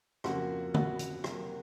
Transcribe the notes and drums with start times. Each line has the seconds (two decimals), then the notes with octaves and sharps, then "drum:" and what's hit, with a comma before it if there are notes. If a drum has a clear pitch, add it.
0.24 F2 C#3 F3 A#3 F#4, drum: rim click
0.74 F#4, drum: tom
0.99 drum: hi-hat
1.24 C3 F#3 A#3, drum: rim click